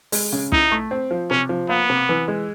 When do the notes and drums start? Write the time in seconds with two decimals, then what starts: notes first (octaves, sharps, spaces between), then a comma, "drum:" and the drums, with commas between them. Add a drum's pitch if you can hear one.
0.12 G#3, drum: open hi-hat
0.33 C#3
0.52 D#4 E4, drum: kick
0.71 A3
0.91 C4
1.11 F3
1.30 C3 C#4
1.49 F3
1.69 A#3 B3
1.90 C3
2.09 E3
2.28 G#3